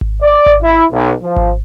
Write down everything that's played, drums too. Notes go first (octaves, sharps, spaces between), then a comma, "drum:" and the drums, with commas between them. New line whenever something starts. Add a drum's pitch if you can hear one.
drum: kick G#1
D5
drum: kick G#1
E4
B1
F3
drum: kick G#1